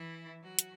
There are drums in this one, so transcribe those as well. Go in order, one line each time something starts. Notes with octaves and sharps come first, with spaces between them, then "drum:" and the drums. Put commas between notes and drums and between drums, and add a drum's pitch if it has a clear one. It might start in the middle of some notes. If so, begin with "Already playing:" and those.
Already playing: E3 E4
F#3 F#4
drum: hi-hat